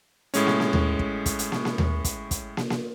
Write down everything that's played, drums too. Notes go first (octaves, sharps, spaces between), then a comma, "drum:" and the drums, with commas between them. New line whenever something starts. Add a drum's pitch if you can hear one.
A2 G#3 C#4, drum: hi-hat
drum: snare
drum: snare
drum: tom D#2
drum: kick
drum: kick, hi-hat
drum: hi-hat
drum: snare
drum: snare
drum: tom D#2
drum: kick, hi-hat
drum: kick, hi-hat
drum: snare
drum: snare